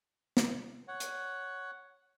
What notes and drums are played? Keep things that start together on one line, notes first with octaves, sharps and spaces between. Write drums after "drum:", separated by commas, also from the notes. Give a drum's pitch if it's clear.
drum: snare
C#5 F#5
drum: hi-hat